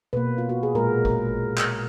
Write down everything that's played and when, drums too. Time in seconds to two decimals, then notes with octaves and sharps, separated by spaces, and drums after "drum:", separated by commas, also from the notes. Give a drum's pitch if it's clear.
0.13 B2 A#3 B4
0.38 F4
0.49 F#4
0.63 G#4
0.75 A#2 G#3 A#4
1.05 A#4, drum: kick G#1
1.58 drum: clap F6